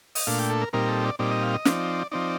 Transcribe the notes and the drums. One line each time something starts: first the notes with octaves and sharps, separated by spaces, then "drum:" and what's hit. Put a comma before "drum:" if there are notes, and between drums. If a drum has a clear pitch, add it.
D#5, drum: open hi-hat
A#2 A3 D4 F5
G5
A4
A#4
A#2 G3 C4 D#4 A#4
A4
D5
A#2 G3 C4 D#4 D5
D#5
F5
D#5
F3 C4 D#4 D5, drum: snare
F3 C4 D#4 D5